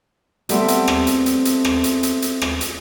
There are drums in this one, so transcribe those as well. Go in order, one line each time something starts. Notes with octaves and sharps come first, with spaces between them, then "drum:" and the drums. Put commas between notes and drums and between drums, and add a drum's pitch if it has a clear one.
G3 A3 B3 C4, drum: hi-hat
drum: hi-hat
drum: rim click
drum: hi-hat
drum: hi-hat
drum: hi-hat
drum: rim click
drum: hi-hat
drum: hi-hat
drum: hi-hat
drum: rim click
drum: hi-hat